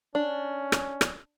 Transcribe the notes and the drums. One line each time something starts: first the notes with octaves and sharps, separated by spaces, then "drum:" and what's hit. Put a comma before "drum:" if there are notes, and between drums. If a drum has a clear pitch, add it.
C#4 D4
drum: rim click
drum: rim click